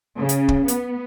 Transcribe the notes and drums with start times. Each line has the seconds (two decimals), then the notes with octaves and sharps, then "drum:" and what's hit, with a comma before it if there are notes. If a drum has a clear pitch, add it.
0.19 C#3
0.29 drum: hi-hat
0.48 drum: kick
0.68 B3, drum: hi-hat